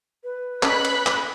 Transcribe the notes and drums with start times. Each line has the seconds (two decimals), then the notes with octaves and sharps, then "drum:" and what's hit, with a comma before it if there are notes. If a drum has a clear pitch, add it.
0.24 B4
0.63 C#4 D#5 B5 F#6 B6, drum: clap
0.85 drum: cymbal
1.06 drum: clap